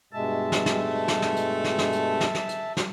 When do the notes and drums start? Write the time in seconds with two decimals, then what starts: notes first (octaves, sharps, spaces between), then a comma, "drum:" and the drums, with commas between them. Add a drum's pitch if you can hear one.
0.13 G2 B2 G#3 E5 A5
0.52 drum: snare
0.66 drum: snare
0.80 A3
1.08 drum: snare
1.22 drum: snare
1.36 drum: hi-hat
1.64 drum: snare
1.78 drum: snare
1.92 drum: hi-hat
2.21 drum: snare
2.35 drum: snare
2.49 drum: hi-hat
2.77 drum: snare